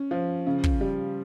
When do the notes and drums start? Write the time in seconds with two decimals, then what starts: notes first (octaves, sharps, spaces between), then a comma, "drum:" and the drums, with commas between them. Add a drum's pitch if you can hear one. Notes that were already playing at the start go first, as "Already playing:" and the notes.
Already playing: C#4
0.11 F3
0.47 C#3
0.64 drum: kick
0.81 G3